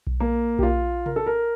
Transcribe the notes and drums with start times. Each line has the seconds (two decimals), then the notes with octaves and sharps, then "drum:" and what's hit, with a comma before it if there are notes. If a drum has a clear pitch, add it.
0.07 drum: kick B1
0.20 A#3
0.59 G4, drum: kick B1
0.63 F4
1.06 A#4, drum: tom C3
1.16 A4
1.26 A#4